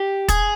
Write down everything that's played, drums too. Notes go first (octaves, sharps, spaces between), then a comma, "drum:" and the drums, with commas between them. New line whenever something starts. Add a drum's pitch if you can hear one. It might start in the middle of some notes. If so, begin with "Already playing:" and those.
Already playing: G4
G#4, drum: kick, hi-hat